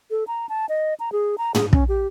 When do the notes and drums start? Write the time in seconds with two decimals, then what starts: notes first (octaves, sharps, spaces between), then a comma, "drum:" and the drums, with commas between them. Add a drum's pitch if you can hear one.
0.11 A4
0.27 A#5
0.49 A5
0.69 D#5
1.00 A#5
1.12 G#4
1.38 A#5
1.55 G#4, drum: tom
1.73 C#4, drum: kick
1.89 G4